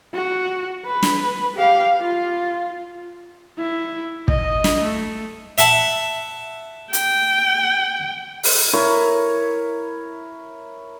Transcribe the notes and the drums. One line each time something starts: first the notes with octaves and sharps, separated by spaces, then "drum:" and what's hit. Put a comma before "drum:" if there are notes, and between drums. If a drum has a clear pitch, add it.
F#4
B4
drum: snare
G4 F5
F4
E4
D#5, drum: kick
drum: snare
A3
E5 F#5 A5, drum: hi-hat
G5, drum: hi-hat
drum: open hi-hat
E4 A#4 C#5